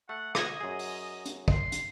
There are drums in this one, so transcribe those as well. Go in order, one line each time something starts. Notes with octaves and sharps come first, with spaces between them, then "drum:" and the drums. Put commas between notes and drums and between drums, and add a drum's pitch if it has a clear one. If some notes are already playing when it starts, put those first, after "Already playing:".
A3 F#5
D#5 D#6 G#6 A#6, drum: rim click
F#2 G#4
drum: open hi-hat
drum: hi-hat
C6, drum: kick
drum: hi-hat